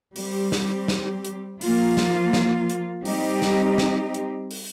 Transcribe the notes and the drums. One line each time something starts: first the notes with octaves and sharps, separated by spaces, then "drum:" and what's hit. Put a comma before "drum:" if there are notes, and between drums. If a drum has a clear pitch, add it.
G3 C4 G4, drum: open hi-hat
drum: snare
drum: snare
drum: hi-hat
F3 A#3 F4, drum: open hi-hat
drum: snare
drum: snare
drum: hi-hat
G3 C4 D#4 G4, drum: open hi-hat
drum: snare
drum: snare
drum: hi-hat
drum: open hi-hat